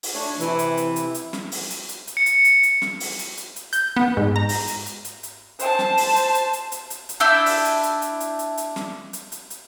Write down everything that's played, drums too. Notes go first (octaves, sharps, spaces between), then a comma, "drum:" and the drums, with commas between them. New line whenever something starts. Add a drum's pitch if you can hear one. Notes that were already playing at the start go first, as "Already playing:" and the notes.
drum: open hi-hat
A3 D4 C#5
C3 E3 E4, drum: hi-hat
drum: hi-hat
drum: hi-hat
drum: hi-hat
drum: hi-hat
drum: snare
drum: open hi-hat
drum: hi-hat
drum: hi-hat
drum: hi-hat
C#7
drum: hi-hat
drum: hi-hat
drum: hi-hat
drum: snare
drum: open hi-hat
drum: hi-hat
drum: hi-hat
drum: hi-hat
G6, drum: hi-hat
B3
G#2
A#5
drum: open hi-hat
drum: hi-hat
drum: hi-hat
drum: hi-hat
drum: hi-hat
C5 A5, drum: hi-hat
drum: snare
drum: open hi-hat
drum: hi-hat
drum: hi-hat
drum: hi-hat
drum: hi-hat
drum: hi-hat
drum: hi-hat
D4 E4 E5 G6
drum: open hi-hat
drum: hi-hat
drum: hi-hat
drum: hi-hat
drum: hi-hat
drum: hi-hat
drum: hi-hat
drum: snare
drum: hi-hat
drum: hi-hat
drum: hi-hat